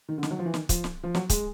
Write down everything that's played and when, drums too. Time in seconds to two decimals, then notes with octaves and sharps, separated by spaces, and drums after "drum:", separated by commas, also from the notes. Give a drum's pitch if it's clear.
0.09 D#3
0.18 D3
0.23 D#3, drum: snare
0.31 F#3
0.39 F3
0.45 E3
0.54 D#3, drum: snare
0.69 F3, drum: kick, hi-hat
0.84 drum: snare
1.03 F3
1.15 F#3, drum: snare
1.30 G#3, drum: kick, hi-hat